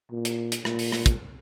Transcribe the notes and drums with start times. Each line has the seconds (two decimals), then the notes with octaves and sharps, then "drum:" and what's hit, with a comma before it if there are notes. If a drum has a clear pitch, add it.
0.11 A#2
0.25 drum: hi-hat
0.52 drum: hi-hat
0.65 A#2, drum: rim click
0.79 drum: open hi-hat
0.92 drum: rim click
1.06 drum: kick, hi-hat